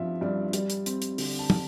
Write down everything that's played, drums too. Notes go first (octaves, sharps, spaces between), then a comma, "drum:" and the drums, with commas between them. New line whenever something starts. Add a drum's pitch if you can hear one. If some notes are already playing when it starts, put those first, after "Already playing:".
Already playing: G2 F3 C4 E5 F5
G2 D5
G3 D5, drum: hi-hat
drum: hi-hat
C4, drum: hi-hat
drum: hi-hat
D3, drum: open hi-hat
A5
D3, drum: tom